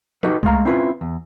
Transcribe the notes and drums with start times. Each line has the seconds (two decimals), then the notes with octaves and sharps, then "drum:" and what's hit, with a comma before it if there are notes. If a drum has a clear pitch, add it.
0.23 D#4 F#4 G4 A4 B4, drum: tom
0.43 G#3 A3 F5 A#5, drum: kick C2
0.65 C4 C#4 E4 F4 A#4 B4
1.01 E2